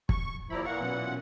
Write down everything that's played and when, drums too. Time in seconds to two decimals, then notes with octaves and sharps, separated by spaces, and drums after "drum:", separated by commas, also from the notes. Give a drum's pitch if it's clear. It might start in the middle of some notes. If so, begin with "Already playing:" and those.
0.09 C#6, drum: kick
0.50 D#2 F3 E4 D5 A#5 B5
0.65 A#2 E3 F5 F#5 A#5 C#6
0.80 B2 F#3 C#4